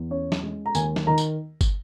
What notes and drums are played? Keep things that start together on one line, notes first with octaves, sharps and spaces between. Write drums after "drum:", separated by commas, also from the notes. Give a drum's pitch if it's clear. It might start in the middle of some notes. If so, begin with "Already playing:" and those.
Already playing: E2
C#4 C#5
drum: snare
G#3
A#5
D#2 G#5, drum: tambourine
drum: snare
D#3 A#5
drum: tambourine
drum: kick, tambourine